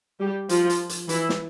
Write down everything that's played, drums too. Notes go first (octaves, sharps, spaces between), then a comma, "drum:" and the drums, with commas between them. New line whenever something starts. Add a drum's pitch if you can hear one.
G3 G4
F3 F4, drum: hi-hat
drum: hi-hat
drum: hi-hat
E3 E4, drum: hi-hat
drum: snare